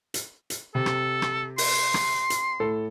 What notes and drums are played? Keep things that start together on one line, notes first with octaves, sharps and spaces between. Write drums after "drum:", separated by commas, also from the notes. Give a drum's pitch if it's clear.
drum: hi-hat
drum: hi-hat
C3 A4
drum: rim click
drum: rim click
C6, drum: open hi-hat
drum: rim click
drum: hi-hat
A2 A4